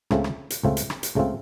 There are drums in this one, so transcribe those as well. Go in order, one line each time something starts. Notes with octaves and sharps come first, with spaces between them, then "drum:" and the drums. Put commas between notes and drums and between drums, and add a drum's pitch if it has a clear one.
C#2 C#3 A3 C4 F4, drum: rim click
drum: rim click
drum: hi-hat
C#2 C#3 A3 C4 F4
drum: hi-hat
drum: rim click
drum: hi-hat
C#2 C#3 A3 C4 F4